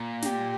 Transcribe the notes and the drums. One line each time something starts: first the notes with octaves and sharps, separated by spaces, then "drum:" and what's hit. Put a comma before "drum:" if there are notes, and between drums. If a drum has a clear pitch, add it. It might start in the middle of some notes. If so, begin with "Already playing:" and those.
Already playing: A#2
G4, drum: snare